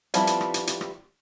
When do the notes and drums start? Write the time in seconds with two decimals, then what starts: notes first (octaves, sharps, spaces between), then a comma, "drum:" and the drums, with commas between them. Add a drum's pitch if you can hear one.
0.14 F3 G3 B3 C4 E4, drum: hi-hat
0.27 drum: hi-hat
0.41 drum: rim click
0.54 drum: hi-hat
0.67 drum: hi-hat
0.81 drum: rim click